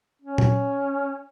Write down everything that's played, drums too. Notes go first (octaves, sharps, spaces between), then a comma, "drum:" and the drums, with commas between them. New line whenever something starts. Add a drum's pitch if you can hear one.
C#4
drum: tom A#2